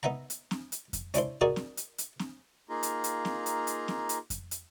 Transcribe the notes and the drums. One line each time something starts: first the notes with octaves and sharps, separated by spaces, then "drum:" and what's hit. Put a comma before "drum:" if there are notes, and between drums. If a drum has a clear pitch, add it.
B3 D#4 E5 F#5 A#5
drum: hi-hat
drum: snare C4
drum: hi-hat
drum: kick F2, hi-hat
C#4 D4 E4 C5, drum: hi-hat
D#4 F#4 G#4 A#4 D5
drum: snare C4
drum: hi-hat
drum: hi-hat
drum: snare C4
A#3 D#4 F4 G#4 A#5
drum: hi-hat
drum: hi-hat
drum: snare C4
drum: hi-hat
drum: hi-hat
drum: snare C4
drum: hi-hat
drum: kick F2, hi-hat
drum: hi-hat